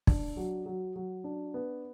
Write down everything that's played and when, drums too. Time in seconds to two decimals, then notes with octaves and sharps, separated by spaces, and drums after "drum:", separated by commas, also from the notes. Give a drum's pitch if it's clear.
0.07 D4, drum: kick
0.37 F#3
0.66 F#3
0.96 F#3
1.24 D4
1.54 B3